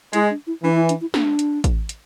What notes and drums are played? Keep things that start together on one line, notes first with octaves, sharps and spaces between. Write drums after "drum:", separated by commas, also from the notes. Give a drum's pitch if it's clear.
G#3 E4, drum: hi-hat
D4
E4
E3 D4
E4
D4, drum: hi-hat
E4
D4, drum: snare
drum: hi-hat
drum: kick A1, hi-hat
drum: hi-hat